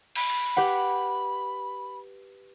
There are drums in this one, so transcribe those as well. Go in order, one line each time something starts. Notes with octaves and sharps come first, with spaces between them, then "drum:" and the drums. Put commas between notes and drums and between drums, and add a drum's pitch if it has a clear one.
B5, drum: cymbal
drum: cymbal
G4 B4 F#5